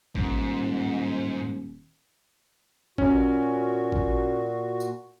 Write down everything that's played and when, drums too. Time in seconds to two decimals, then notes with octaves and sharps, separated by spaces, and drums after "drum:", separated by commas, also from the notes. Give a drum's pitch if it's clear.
0.15 D#1 G#2, drum: kick A1
2.98 A#2 C#4 F#4, drum: kick A1
3.92 drum: kick A1
4.80 drum: tambourine